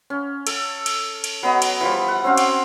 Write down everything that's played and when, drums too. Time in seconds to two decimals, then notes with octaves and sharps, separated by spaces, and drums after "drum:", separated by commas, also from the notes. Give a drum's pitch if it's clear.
0.10 C#4
0.47 A4, drum: cymbal
0.86 drum: cymbal
1.24 drum: cymbal
1.43 F#3 B3 D#5
1.62 drum: cymbal
1.81 E3 F3 G3
2.08 F#5
2.24 C4 C#4 F#4 F5
2.38 drum: cymbal